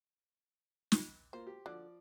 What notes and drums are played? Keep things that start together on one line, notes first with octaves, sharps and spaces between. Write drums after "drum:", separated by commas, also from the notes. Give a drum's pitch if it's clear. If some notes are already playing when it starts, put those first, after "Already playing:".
drum: snare
A#3 F4 C5
G4
D3 F3 D5